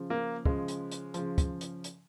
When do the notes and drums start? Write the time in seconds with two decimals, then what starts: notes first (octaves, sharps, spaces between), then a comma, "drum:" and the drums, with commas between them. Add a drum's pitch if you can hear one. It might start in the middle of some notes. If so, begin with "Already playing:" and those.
Already playing: C#3 F3
0.10 A#3
0.45 C#3 F3 G#3, drum: kick
0.68 drum: hi-hat
0.92 drum: hi-hat
1.14 C#3 F3, drum: hi-hat
1.38 drum: kick, hi-hat
1.61 drum: hi-hat
1.84 drum: hi-hat